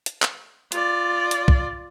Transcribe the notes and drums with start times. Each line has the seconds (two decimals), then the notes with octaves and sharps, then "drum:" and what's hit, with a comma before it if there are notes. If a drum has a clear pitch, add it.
0.06 drum: hi-hat
0.22 drum: clap
0.72 F4 D5, drum: hi-hat
1.31 drum: hi-hat
1.48 drum: kick B1